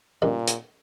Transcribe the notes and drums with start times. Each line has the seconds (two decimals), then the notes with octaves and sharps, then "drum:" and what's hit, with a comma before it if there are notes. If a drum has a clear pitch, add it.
0.22 A1 G2 A#2 D#3
0.47 drum: hi-hat